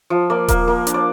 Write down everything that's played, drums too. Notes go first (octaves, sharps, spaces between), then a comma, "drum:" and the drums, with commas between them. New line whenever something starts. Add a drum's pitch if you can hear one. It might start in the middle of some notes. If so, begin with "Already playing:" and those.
F3
A#3 D5
A#3, drum: kick D#1, hi-hat
A#3
D4, drum: hi-hat
D5